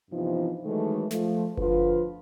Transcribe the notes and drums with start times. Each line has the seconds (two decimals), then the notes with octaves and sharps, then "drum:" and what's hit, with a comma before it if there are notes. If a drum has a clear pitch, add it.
0.11 G2 C3 E3 F3 B3 D#4
0.65 D#3 E3 F#3 G#3 A3
1.11 F3 A3, drum: snare
1.57 D3 F3 F4 B4, drum: kick F#1